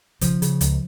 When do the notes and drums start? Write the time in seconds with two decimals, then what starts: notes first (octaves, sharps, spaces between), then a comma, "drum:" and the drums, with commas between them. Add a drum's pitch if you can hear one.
0.21 C#3 F3, drum: kick, hi-hat
0.42 C#3, drum: hi-hat
0.61 C#2, drum: hi-hat